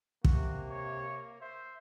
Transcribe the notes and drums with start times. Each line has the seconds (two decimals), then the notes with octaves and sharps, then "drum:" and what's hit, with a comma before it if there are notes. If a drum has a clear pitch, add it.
0.24 C3 A#3 F#4, drum: kick
0.69 C#5
1.41 C5 E5